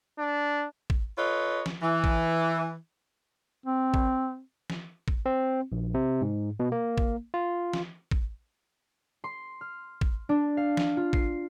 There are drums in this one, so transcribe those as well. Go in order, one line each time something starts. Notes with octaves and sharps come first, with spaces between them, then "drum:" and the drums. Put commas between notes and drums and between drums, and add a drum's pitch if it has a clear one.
D4
drum: kick A1
F4 A4 B4 C#5 D#5
drum: snare
E3
drum: kick A1
C4
drum: kick A1
drum: snare
drum: kick A1
C4
A#1
C3
G#2
B2
A#3
drum: kick A1
F4
drum: snare
drum: kick A1
C6
F6
drum: kick A1
D4
F5
drum: snare
F4
C7, drum: kick A1